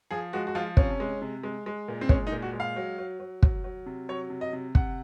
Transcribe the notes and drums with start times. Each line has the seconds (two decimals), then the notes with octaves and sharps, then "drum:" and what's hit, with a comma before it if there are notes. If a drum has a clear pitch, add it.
0.11 F3 G#4
0.33 G#3 F#4
0.47 F#4
0.55 F3 F4
0.77 C3 C#4, drum: kick
1.00 G#3
1.22 C3
1.43 G#3
1.66 G#3
1.88 A#2
2.01 C4
2.09 G#3 C#4, drum: kick
2.27 D#4
2.32 A#2
2.42 F#4
2.53 G#3
2.60 F5
2.76 F#3
2.98 F#3
3.20 F#3
3.43 F#3, drum: kick
3.64 F#3
3.86 C3
4.09 F#3 C#5
4.30 C3
4.41 D#5
4.53 C3
4.75 C3 F#5, drum: kick